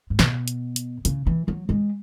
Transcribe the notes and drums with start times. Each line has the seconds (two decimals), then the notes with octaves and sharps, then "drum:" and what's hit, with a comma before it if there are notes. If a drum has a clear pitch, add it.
0.10 G#2
0.19 B2, drum: snare
0.48 drum: hi-hat
0.76 drum: hi-hat
1.05 C#3, drum: hi-hat
1.27 E3
1.48 F#3
1.69 G#3